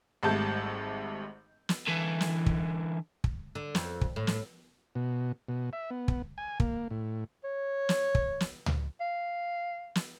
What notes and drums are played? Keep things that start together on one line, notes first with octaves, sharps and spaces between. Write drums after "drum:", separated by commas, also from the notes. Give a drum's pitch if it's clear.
G#1 G#2 G3 A3 A5 G6
drum: snare
D3 E3
drum: snare
drum: kick
drum: kick
D3
F2, drum: snare
drum: kick
A2
drum: snare
B2
B2
E5
B3
drum: kick
G#5
A#3, drum: kick
A2
C#5
drum: snare
drum: kick
drum: snare
drum: tom C#2
F5
drum: snare